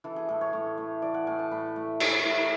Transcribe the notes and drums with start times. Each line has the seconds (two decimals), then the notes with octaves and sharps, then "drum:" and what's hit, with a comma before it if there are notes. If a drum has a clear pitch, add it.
0.04 E3 A4
0.16 G#4
0.29 A2 A4
0.41 C#5
0.53 A2
0.78 A3
1.02 E3 D5
1.14 F#5
1.27 A2 G#5
1.39 A5
1.51 A2 B5
1.76 A3
2.00 E3, drum: cymbal
2.24 A2